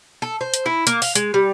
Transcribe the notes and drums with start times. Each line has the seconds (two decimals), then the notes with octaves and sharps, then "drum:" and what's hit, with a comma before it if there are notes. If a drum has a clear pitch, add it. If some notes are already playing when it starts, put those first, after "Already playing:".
0.22 A4
0.41 C5
0.54 drum: hi-hat
0.66 E4
0.87 A#3, drum: hi-hat
1.02 F5, drum: open hi-hat
1.15 G#3, drum: hi-hat
1.34 G3